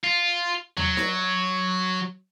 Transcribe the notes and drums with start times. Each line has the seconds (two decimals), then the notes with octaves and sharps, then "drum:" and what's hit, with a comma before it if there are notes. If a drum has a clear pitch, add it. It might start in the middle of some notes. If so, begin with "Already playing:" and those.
0.04 F4
0.77 F#3, drum: tom D#2
0.97 drum: snare D#4